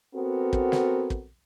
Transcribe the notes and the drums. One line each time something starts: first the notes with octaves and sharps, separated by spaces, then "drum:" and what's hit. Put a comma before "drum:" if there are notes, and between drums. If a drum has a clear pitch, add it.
B3 C4 F#4 A4 A#4
drum: kick
drum: snare
drum: kick